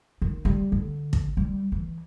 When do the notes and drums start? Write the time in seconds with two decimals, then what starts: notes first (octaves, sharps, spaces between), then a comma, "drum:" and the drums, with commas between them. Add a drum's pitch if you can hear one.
0.22 D#3
0.45 G3
0.72 D3
1.13 drum: kick
1.37 G3
1.72 E3